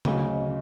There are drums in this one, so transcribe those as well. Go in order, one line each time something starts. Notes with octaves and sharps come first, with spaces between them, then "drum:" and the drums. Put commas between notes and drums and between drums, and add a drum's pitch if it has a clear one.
D2 C#3 F#3 C#5 D#5, drum: tom C#3
C#5 D#5